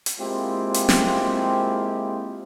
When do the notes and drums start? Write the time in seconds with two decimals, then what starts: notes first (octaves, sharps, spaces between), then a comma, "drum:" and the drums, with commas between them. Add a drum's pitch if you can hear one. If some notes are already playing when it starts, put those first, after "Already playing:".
0.06 drum: hi-hat
0.20 G#3 A#3 C4 E4 F4 G4
0.74 drum: hi-hat
0.89 drum: snare